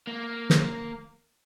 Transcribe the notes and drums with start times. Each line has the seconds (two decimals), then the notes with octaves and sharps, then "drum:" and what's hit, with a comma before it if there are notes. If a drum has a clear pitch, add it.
0.07 A#3
0.50 drum: snare